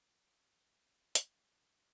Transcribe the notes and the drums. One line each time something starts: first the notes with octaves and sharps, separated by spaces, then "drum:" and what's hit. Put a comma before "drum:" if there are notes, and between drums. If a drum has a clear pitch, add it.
G1 G5
G2 G3 F5
G1
G2 G3
G2
G3 C4 F4
G2 G5, drum: hi-hat
G3 C4 F4
F2
D3 G3